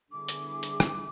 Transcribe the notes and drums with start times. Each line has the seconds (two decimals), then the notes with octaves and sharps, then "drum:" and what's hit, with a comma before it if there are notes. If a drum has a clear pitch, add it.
0.11 D3 G3 B3 E4 G#4 D6
0.29 drum: hi-hat
0.63 drum: hi-hat
0.80 drum: rim click